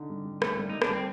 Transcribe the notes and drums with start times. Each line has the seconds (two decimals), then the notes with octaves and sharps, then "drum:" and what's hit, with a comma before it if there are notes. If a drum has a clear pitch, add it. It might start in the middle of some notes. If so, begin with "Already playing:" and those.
Already playing: D3 D#4
0.09 G3
0.25 G3
0.42 A3 A#3, drum: rim click
0.57 G3
0.69 G3 D#4
0.82 D4, drum: rim click
0.89 G3 C4